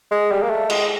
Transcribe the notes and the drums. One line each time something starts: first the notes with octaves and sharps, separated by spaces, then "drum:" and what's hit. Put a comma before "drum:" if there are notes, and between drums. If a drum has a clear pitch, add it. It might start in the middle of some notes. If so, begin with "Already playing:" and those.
G#3
G3
A#3
A3
G#3, drum: cymbal